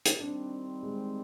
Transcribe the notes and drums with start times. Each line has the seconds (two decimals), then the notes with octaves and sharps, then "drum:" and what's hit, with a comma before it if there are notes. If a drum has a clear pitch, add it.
0.05 drum: hi-hat
0.20 D#3 G3 C4 D4
0.83 G#3